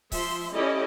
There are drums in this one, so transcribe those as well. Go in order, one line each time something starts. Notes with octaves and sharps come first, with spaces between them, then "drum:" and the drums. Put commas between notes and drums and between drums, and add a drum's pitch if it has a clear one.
F3 E5 C6, drum: kick C#1, open hi-hat
C#4 E4 G4 A4 D5 D#5